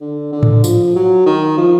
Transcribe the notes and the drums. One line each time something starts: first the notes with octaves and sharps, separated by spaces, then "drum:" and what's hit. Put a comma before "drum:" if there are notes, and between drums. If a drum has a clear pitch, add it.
D3
D3
drum: tom G#2
F3, drum: tambourine
F#3
D#3
F3